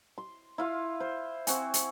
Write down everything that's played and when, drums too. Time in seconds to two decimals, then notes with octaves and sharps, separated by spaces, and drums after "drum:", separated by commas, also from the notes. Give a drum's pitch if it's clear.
0.18 C6
0.58 E4 F4 F5
1.00 C5
1.47 C4 F#4 G#5, drum: hi-hat
1.74 drum: hi-hat